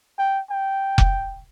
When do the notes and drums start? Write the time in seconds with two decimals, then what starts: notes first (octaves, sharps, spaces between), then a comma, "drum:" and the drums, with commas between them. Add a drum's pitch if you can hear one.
0.19 G5
0.51 G5
0.98 drum: kick F1